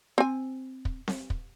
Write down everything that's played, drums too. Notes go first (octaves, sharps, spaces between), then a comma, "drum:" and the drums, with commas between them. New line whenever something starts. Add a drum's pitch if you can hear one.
C4 G#5
drum: kick
drum: snare C4
drum: kick